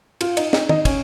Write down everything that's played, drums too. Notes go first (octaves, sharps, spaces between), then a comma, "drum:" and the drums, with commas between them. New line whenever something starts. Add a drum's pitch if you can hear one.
F4, drum: cymbal
D#4, drum: cymbal
D#4, drum: snare
D#4, drum: tom
C#4, drum: kick, cymbal